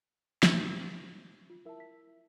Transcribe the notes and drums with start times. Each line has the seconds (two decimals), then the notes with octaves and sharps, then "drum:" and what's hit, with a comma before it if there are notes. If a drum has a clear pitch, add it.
0.43 drum: snare
1.50 F4
1.65 E4 A#4 E5 A5
1.80 B6